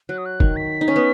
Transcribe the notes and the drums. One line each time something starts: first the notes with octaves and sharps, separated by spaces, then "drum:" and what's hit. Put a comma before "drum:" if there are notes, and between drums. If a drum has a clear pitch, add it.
F#3 F#6
D#6
F#6
D#3, drum: kick
B6
D#4
C#4
B3